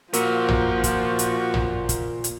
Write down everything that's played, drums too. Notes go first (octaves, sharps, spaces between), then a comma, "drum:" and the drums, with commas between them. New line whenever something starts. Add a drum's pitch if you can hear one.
A#2 F3 A#3 F#4 A#4, drum: hi-hat
drum: tom
drum: kick, hi-hat
drum: hi-hat
drum: tom
drum: kick, hi-hat
drum: hi-hat